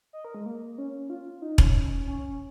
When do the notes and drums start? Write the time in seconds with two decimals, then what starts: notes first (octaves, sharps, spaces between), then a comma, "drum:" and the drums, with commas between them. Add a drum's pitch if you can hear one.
0.13 D#5
0.25 A#4
0.35 G#3
0.46 A#3
0.78 C#4
1.10 F4
1.42 D#4
1.58 C#4, drum: kick E1
2.07 C#4